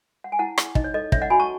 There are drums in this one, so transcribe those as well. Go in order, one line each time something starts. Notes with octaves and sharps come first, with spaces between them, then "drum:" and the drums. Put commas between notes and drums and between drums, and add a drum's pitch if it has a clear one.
F#5
G#5
E4 F#5 A5
G#4, drum: rim click
D#4 D#5, drum: kick
C#5
A4 D#5
C#4 C#5 E5, drum: kick
D#5 F#5
F#4 G#5 B5
A5 C#6